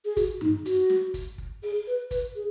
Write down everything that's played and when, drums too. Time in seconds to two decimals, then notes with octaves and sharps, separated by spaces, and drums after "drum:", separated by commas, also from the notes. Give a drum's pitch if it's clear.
0.05 G#4
0.17 F#4, drum: kick, hi-hat
0.41 D#4, drum: tom G2
0.65 F#4, drum: hi-hat
0.90 drum: snare
1.14 drum: kick, hi-hat
1.38 drum: kick
1.63 G#4, drum: open hi-hat
1.87 B4
2.11 B4, drum: kick, hi-hat
2.36 G#4